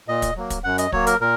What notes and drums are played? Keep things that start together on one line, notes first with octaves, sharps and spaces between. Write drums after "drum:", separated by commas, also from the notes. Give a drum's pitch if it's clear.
A#2 D#5
drum: kick, hi-hat
F#3 A#3
drum: kick, hi-hat
F#2 F#5
D#5, drum: hi-hat
F#3 A#3 C#5, drum: kick
A#4, drum: hi-hat
A#2 A#4